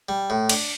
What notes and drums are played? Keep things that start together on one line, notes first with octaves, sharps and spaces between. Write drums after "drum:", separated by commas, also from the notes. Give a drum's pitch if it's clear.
G3
A2
D4, drum: cymbal